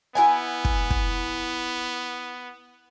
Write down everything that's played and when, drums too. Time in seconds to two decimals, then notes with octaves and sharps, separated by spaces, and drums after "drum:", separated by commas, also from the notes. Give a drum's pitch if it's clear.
0.15 B3 E4 F#5 G#5
0.65 drum: kick
0.90 drum: kick